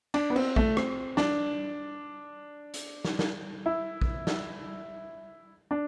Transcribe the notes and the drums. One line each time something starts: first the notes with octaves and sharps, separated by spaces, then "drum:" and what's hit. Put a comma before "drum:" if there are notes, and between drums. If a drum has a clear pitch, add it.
D4, drum: cymbal
B3
C4, drum: cymbal
A3, drum: kick A#1
C4, drum: rim click
D4, drum: snare
drum: hi-hat
drum: snare
drum: snare
E4
drum: kick A#1
drum: snare
D4